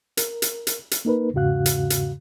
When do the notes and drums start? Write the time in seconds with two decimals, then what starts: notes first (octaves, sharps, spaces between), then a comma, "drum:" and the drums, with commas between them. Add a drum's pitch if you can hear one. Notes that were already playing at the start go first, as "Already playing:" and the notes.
0.17 A#4, drum: hi-hat
0.42 drum: hi-hat
0.67 drum: hi-hat
0.91 drum: hi-hat
1.05 A#3 D#4 A#4 B4
1.34 E2 G#2 C#3 F#4 F5 F#6
1.66 drum: hi-hat
1.90 drum: hi-hat